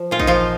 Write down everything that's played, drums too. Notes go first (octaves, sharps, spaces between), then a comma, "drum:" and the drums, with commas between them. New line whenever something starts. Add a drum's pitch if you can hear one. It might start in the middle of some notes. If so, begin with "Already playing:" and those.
Already playing: F3
A#2 F4
D#4, drum: kick A1
F3 F4